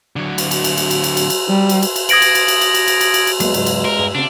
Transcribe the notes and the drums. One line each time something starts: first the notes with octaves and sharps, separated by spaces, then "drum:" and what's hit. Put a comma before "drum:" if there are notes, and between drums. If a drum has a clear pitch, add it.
D3 F#3
drum: cymbal
drum: cymbal
drum: cymbal
drum: cymbal
drum: cymbal
drum: cymbal
drum: cymbal
drum: cymbal
G3
drum: cymbal
drum: cymbal
drum: cymbal
D#6 G#6 A#6 D7 F#7, drum: cymbal
drum: cymbal
drum: cymbal
drum: cymbal
drum: cymbal
drum: cymbal
drum: cymbal
drum: cymbal
drum: cymbal
drum: cymbal
E2 F#3 G#3 A#3 B3, drum: cymbal
C#2 G#2 F#3, drum: cymbal
drum: cymbal
A#4 C5 A#5
G2 G#4
C#3 C4 D4